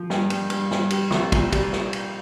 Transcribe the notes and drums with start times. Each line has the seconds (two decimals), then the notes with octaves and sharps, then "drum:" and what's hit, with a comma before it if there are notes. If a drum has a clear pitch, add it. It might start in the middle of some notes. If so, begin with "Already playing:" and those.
Already playing: F3
0.10 G2, drum: snare
0.30 G2, drum: cymbal
0.50 G2, drum: cymbal
0.71 G2, drum: snare
0.90 G3, drum: cymbal
1.11 C2, drum: snare
1.32 A#2, drum: kick, cymbal
1.53 G3, drum: kick, cymbal
1.73 drum: snare
1.93 drum: cymbal